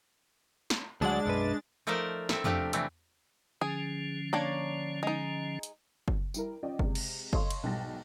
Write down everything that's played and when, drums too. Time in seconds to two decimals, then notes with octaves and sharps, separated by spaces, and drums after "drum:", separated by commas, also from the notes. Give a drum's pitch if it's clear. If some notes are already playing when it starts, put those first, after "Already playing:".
0.70 drum: snare
1.01 D2 F#3 G#3 D4 F#5 A6
1.26 B1 F#2 B4
1.87 F3 A3 D#4 A#4 C5 D5
2.29 C4 A4 E5, drum: snare
2.44 C3 F3 A3 D4 G4, drum: tom
2.73 C3 E3 G3 A3 C4, drum: hi-hat
3.61 D3 F3 C#4 G#4
4.33 A#3 D4 C#5
5.03 G#3 D#4
5.63 drum: hi-hat
6.08 drum: kick F#1
6.34 G3 E4 A#4, drum: tambourine
6.63 C#4 F4 D5 D#5 G5
6.79 C3 G#3, drum: kick F#1
6.95 drum: cymbal
7.33 A4 C#5 D#5 F5 C6, drum: kick F#1
7.50 drum: cymbal
7.63 B1 G#2 G3 G5 A6 A#6